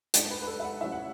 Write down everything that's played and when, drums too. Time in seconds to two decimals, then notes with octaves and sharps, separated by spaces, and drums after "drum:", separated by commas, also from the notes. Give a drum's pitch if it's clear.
0.14 G#2 G#3 D4 D5, drum: hi-hat
0.31 B4
0.42 B4
0.47 A4
0.60 E5
0.64 F#5
0.81 A2 F#3 C#4 E4 E5
0.92 F#5